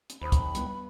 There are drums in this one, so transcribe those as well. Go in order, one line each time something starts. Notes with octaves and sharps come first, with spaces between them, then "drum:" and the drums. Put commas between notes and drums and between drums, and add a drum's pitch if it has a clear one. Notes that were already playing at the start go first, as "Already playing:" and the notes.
drum: hi-hat
D#2 C5 B5 D#6
drum: kick, hi-hat
G2 B3, drum: hi-hat